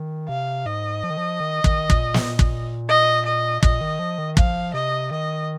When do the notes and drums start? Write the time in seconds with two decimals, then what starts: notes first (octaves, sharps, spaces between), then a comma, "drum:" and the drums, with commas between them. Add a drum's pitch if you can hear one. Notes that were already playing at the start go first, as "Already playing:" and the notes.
Already playing: D#3
0.29 C3 F5
0.66 G#2 D#5
1.03 F3
1.10 D#3
1.17 F3
1.40 D#3
1.64 D#3, drum: kick
1.90 A#2, drum: kick
2.14 drum: snare
2.39 drum: kick
2.89 D#5
3.26 D#5
3.63 A#2 D#5, drum: kick
3.81 D#3
3.99 F3
4.18 D#3
4.37 F3 F5, drum: kick
4.74 C3 D#5
5.11 D#3 D#5